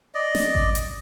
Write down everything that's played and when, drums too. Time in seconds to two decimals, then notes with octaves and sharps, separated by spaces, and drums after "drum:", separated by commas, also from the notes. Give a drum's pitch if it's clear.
0.15 D5 D#5
0.35 drum: snare
0.55 drum: kick G#1
0.75 drum: hi-hat